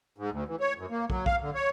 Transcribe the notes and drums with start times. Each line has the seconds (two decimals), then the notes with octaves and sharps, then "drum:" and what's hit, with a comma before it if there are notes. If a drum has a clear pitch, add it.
0.18 G#2
0.31 D2
0.48 E3
0.60 C#5
0.78 F#2
0.91 A#3
1.10 F#3, drum: kick
1.26 F5, drum: kick
1.42 D3
1.55 C#5